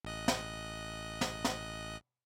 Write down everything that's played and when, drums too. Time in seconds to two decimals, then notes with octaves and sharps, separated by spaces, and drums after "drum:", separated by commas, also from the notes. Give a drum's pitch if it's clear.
0.05 A1 D#5 F#6
0.28 drum: snare
1.21 drum: snare
1.45 drum: snare